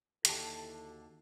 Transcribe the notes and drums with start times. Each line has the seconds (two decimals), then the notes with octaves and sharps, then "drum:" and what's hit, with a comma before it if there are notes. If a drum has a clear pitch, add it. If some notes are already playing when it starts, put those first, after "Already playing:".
0.25 D#2 D3 E4 F#4 G4 A4 A5 C7, drum: hi-hat